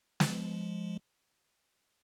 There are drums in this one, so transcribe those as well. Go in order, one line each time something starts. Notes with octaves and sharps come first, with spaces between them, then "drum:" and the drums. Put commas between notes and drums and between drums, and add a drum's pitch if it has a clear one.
F3 G#3, drum: snare